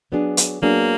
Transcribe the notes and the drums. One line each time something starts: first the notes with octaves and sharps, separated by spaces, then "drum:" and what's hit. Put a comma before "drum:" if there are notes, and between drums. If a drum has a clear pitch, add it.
F#3 B3 D4 G#4
drum: hi-hat
F#3 A#3 B3 D4 G#4